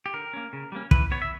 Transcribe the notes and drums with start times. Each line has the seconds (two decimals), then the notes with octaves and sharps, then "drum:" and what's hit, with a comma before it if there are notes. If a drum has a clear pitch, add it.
0.06 G4
0.14 D3 A#4
0.33 A#3 C#4
0.53 C#3
0.72 G3 A#3 C#4
0.91 E3 B4, drum: kick
1.11 B3 C#5
1.22 E5